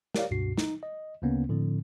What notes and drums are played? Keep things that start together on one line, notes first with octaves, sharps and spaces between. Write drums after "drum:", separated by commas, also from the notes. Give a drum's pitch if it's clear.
G4 A#4 C#5 D5 F5, drum: snare
C#2 G2 B2 F#4 C7
D#4, drum: snare
D#5
D2 C#3 A#3 B3 C#4
A2 D3 F3 C4